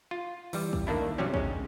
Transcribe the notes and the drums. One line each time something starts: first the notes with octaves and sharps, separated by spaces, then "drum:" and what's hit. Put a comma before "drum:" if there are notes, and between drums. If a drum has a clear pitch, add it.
F4
E3 G3, drum: open hi-hat
drum: kick
D#3 A3 A#3 D4 E4
G2 C3 F#3 G3 C4 C#4
G#3 C#4, drum: kick